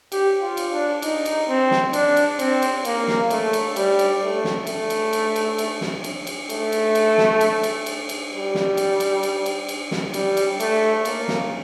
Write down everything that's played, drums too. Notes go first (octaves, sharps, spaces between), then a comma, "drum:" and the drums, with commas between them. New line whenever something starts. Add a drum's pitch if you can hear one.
G4, drum: cymbal
F4
drum: cymbal
D4
D#4, drum: cymbal
drum: cymbal
C4
drum: snare
D4, drum: cymbal
drum: cymbal
C4, drum: cymbal
drum: cymbal
A#3, drum: cymbal
drum: snare
A3, drum: cymbal
drum: cymbal
G3, drum: cymbal
drum: cymbal
A3
drum: snare
A3, drum: cymbal
drum: cymbal
drum: cymbal
drum: cymbal
drum: cymbal
drum: snare
drum: cymbal
drum: cymbal
A3, drum: cymbal
drum: cymbal
drum: cymbal
drum: snare
drum: cymbal
drum: cymbal
drum: cymbal
drum: cymbal
G3
drum: snare
drum: cymbal
drum: cymbal
drum: cymbal
drum: cymbal
drum: cymbal
drum: snare
G3, drum: cymbal
drum: cymbal
A3, drum: cymbal
A#3, drum: cymbal
drum: snare